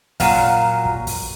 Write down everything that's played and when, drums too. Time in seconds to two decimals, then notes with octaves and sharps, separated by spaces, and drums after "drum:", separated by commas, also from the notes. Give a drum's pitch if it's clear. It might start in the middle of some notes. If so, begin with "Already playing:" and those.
0.20 A#2 F#3 F5, drum: kick, open hi-hat
0.85 drum: kick
1.07 drum: kick, open hi-hat